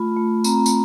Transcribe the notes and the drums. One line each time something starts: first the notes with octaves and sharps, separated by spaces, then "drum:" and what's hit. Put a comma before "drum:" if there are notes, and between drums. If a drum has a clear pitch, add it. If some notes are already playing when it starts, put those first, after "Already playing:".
Already playing: A3 F4 B5
A3
C4 A#5, drum: tambourine
drum: tambourine